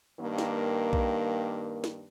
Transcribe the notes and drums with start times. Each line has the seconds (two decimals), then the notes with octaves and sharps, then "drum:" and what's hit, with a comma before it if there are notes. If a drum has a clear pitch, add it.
0.20 G2 D#3 A#3
0.38 drum: snare
0.93 drum: kick B1
1.84 drum: snare